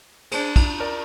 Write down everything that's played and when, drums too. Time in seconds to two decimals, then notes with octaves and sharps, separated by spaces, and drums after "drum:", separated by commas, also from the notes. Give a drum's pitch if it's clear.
0.32 D4 G#4 C5, drum: cymbal
0.56 drum: kick, cymbal
0.80 A#4 D5